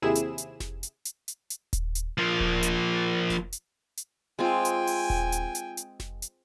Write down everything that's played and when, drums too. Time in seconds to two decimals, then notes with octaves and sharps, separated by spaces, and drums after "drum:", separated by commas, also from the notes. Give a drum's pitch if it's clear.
0.02 D#2 C3 E4 G#4 E7
0.15 drum: hi-hat
0.38 drum: hi-hat
0.60 drum: snare F1
0.83 drum: hi-hat
1.05 drum: hi-hat
1.28 drum: hi-hat
1.50 drum: hi-hat
1.73 drum: kick D#1, hi-hat
1.95 drum: hi-hat
2.18 F3 A#3
2.40 drum: kick D#1
2.63 drum: hi-hat
3.30 drum: snare F1
3.52 drum: hi-hat
3.97 drum: hi-hat
4.39 G#3 C4 F4 G5 G#5
4.65 drum: hi-hat
4.87 drum: open hi-hat
5.10 drum: kick D#1
5.32 drum: hi-hat
5.55 drum: hi-hat
5.77 drum: hi-hat
6.00 drum: snare F1
6.22 drum: hi-hat